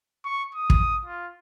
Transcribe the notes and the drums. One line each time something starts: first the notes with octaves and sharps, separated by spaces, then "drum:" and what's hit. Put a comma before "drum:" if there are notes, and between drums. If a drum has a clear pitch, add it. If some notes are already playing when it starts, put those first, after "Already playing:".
C#6
D#6
drum: kick
F4